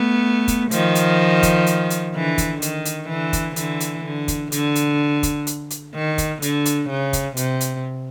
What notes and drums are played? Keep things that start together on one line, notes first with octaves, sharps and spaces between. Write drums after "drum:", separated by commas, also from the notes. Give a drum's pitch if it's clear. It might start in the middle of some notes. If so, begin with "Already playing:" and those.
Already playing: A3 B3
drum: kick, hi-hat
D#3 F3, drum: hi-hat
drum: hi-hat
drum: kick, hi-hat
drum: hi-hat
drum: hi-hat
D3 E3
drum: kick, hi-hat
D#3, drum: hi-hat
drum: hi-hat
D3 E3
drum: kick, hi-hat
D3 E3, drum: hi-hat
drum: hi-hat
D3
drum: kick, hi-hat
D3, drum: hi-hat
drum: hi-hat
drum: kick, hi-hat
drum: hi-hat
drum: hi-hat
D#3
drum: kick, hi-hat
D3, drum: hi-hat
drum: hi-hat
C#3
drum: kick, hi-hat
C3, drum: hi-hat
drum: hi-hat